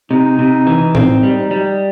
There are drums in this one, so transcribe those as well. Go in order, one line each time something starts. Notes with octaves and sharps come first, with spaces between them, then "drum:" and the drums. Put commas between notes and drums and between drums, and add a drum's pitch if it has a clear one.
C3 D#4
C3
E3
C4 D#4, drum: tom A2
G3
G3